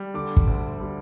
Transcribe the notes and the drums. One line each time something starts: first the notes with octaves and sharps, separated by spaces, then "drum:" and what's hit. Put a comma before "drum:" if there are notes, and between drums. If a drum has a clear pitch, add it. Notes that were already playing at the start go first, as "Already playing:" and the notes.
Already playing: G3
D3 D6
drum: kick
D2
G3